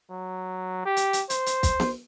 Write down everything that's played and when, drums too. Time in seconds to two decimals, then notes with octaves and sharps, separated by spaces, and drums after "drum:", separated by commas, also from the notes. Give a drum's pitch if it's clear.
0.10 F#3
0.86 G4
0.97 drum: hi-hat
1.13 drum: hi-hat
1.30 C5, drum: hi-hat
1.46 drum: hi-hat
1.63 drum: kick, hi-hat
1.80 drum: snare B3